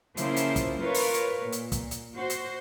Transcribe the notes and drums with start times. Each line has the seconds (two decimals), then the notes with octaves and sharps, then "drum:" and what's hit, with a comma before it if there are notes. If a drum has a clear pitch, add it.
0.17 C#3 F3 A#3 E4 C5, drum: hi-hat
0.37 drum: hi-hat
0.56 drum: kick, hi-hat
0.81 F4 A#4 B4 C#5
0.95 drum: open hi-hat
1.14 drum: hi-hat
1.41 A#2
1.53 drum: hi-hat
1.72 drum: kick, hi-hat
1.91 drum: hi-hat
2.16 F#4 C5
2.30 drum: hi-hat